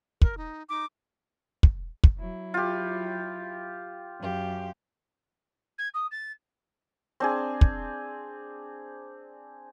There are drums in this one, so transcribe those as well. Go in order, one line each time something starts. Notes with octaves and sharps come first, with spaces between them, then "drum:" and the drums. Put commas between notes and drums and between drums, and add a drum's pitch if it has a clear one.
A#4, drum: kick
D#4
D#4 D6
drum: kick
drum: kick
F#3 E4
F4 G4
F#2 G4 F5
G#6
D#6
A6
C4 D4 G#4
drum: kick